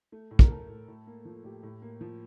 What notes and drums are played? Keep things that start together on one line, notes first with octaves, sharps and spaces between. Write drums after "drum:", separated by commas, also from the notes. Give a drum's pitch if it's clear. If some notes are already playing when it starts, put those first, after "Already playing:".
A3
A2
A#4, drum: kick
A3 A4
A2
A2
A#3
F3
A2 G4
A2
A#3
F3